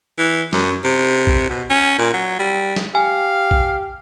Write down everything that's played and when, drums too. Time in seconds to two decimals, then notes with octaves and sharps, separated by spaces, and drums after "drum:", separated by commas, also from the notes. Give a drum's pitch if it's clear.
0.18 E3
0.53 F#2, drum: snare
0.84 C3
1.27 drum: kick A#1
1.49 B2
1.70 C#4
1.98 A#2
2.14 F#3
2.39 G3
2.76 drum: snare
2.95 G4 F5 G#5
3.51 drum: kick A#1